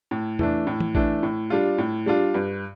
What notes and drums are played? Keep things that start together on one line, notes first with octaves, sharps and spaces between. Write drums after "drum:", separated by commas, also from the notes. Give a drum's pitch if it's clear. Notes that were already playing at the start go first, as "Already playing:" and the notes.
A2
E3 A3 D4, drum: tom E2
A2
drum: tom
E3 A3 D4, drum: kick A1
A2
G3 D4 F4
A2
G3 D4 F4
G2